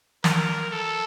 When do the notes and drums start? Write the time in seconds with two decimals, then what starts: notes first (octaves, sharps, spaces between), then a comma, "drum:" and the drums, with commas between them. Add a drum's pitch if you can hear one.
0.24 A#4, drum: snare
0.71 A4